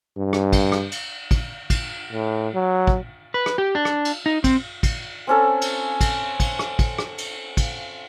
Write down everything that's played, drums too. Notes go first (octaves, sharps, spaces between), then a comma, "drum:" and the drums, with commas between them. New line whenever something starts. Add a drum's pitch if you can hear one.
G2
drum: rim click
drum: kick, cymbal
drum: rim click
drum: cymbal
drum: kick, cymbal
drum: kick, cymbal
A2
F#3
drum: kick
B4
drum: rim click
G4
D4
drum: rim click
drum: cymbal
D#4
C4, drum: kick, cymbal
drum: kick, cymbal
C4 C#4 A4
drum: cymbal
drum: kick, cymbal
drum: kick, cymbal
drum: rim click
drum: kick, cymbal
drum: rim click
drum: cymbal
drum: kick, cymbal